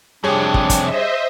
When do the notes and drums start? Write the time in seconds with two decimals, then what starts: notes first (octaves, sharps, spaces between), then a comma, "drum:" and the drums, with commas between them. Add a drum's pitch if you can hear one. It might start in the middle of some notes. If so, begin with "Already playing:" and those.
0.24 F2 C3 G3 D4 G#4 C#5
0.54 drum: kick
0.70 drum: kick, hi-hat
0.84 C5 D#5 E5